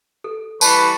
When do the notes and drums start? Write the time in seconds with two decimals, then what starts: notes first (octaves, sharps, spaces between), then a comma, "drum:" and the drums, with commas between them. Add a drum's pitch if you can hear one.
0.24 A4
0.61 E3 G3 B4 D5 A5 C#6, drum: tambourine